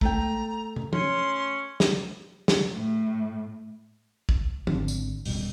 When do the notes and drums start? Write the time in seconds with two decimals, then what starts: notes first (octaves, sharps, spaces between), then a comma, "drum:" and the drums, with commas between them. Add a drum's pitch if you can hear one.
0.01 A3 G5 A#5, drum: kick
0.76 drum: tom
0.93 C#4 C6, drum: tom
1.80 drum: snare
2.48 drum: snare
2.77 A2
4.29 drum: kick
4.67 G#1 D3 C4, drum: tom
4.88 drum: tambourine
5.25 E1 A1 B2 G3, drum: open hi-hat